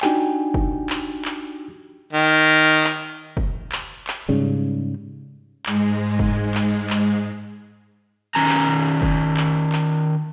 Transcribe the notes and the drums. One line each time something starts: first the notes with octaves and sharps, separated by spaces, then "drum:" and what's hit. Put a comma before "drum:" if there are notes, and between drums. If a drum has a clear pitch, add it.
D4 D#4 F#4 G4 G5 G#5, drum: clap
drum: kick
drum: clap
drum: clap
D#3
drum: clap
drum: kick
drum: clap
drum: clap
G#2 C#3 G3
G#2 G#3, drum: clap
drum: kick
drum: clap
drum: clap
D#3 C#4 G#5 A#5
drum: clap
drum: kick
drum: clap
drum: clap